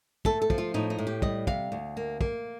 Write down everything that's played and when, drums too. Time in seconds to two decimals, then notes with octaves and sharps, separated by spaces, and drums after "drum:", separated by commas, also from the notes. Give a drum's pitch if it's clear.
0.25 A3 A4, drum: kick
0.42 A4
0.50 F3, drum: kick
0.58 F4
0.74 A2 D#4
0.90 D#4
0.98 A2
1.07 G4
1.22 G3 D#5, drum: kick
1.47 C3 F5, drum: kick
1.72 D2
1.97 A#3
2.21 A#3, drum: kick